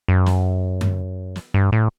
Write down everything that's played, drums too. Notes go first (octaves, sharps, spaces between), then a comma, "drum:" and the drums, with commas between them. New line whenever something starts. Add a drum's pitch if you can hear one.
F#2
drum: snare
drum: tom F#2
drum: snare
G2
A2